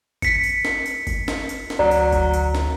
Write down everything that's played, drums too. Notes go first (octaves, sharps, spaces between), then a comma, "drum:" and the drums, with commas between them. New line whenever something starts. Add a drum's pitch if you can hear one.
B6 C#7, drum: kick, tambourine
drum: tambourine
drum: snare
drum: tambourine
drum: kick, tambourine
drum: snare
drum: tambourine
drum: snare
D2 F#3 D5 A#5
drum: tambourine
drum: kick, tambourine
drum: tambourine
drum: snare